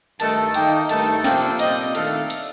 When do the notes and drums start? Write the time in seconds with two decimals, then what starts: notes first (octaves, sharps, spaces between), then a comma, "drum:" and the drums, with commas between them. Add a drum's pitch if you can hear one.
0.20 G2 D#3 A3 D#4 A4 A5, drum: hi-hat
0.54 D#3 A#3 D#4 A4 G5, drum: hi-hat
0.89 G2 D#3 A3 D#4 A4 A5, drum: hi-hat
1.24 C3 F3 A#3 D4 A4 G5, drum: snare
1.59 A#2 G3 C4 D#5, drum: hi-hat
1.95 D#3 A3 D4 A4 F5, drum: hi-hat
2.30 drum: hi-hat